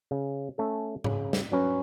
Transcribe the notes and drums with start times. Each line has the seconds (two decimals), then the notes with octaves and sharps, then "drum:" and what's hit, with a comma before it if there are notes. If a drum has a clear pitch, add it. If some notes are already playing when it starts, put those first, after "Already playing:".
0.11 C#3
0.58 A3 C#4 A4
1.04 C#3, drum: tom G#2
1.33 drum: snare
1.52 F#3 C#4 F#4 B4